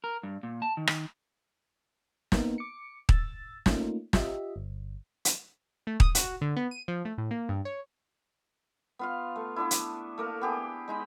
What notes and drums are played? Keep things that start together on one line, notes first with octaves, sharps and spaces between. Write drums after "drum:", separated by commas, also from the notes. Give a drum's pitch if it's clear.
A#4
G2
A#2
A5
D#3
drum: rim click
A#3 B3 D#4 A#4, drum: snare
D6 C#7
E6 A6, drum: kick D#1
A3 A#3 C#4 D#4 F4, drum: snare
F4 G4 D#5 E5, drum: snare
G1
drum: hi-hat
A3
D#6, drum: kick D#1
F#4, drum: hi-hat
D3
B3
D#7
F3
A3
A2
A#3
G2
C#5
B3 F4 F5
A3
B3 D4 E4
drum: hi-hat
A3 A#3 A#4
B3 G4 G#4
G#3 D#4 B5